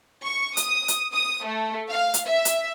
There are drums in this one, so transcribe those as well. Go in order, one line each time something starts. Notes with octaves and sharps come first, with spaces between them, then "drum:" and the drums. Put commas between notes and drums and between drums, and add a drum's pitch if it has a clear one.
C#6
D#6, drum: hi-hat
drum: hi-hat
D#6
A3
F5
drum: hi-hat
E5
drum: hi-hat